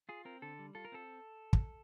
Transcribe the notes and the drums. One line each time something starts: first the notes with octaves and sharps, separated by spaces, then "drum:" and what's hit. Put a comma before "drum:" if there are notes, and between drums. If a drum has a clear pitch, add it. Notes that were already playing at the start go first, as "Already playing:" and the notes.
F4 G#4
C4 A#4
D3 A4
G3
F4 A4
A#4
C4 A4
drum: kick